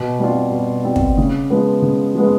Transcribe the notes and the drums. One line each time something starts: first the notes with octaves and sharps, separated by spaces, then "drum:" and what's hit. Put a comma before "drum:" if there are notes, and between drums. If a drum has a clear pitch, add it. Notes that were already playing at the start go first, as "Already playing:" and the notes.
Already playing: B2
G3 C4 F4
B2
G3 C4 F4
drum: kick
C#3
F3 G#3 B3
C#3
F3 G#3 B3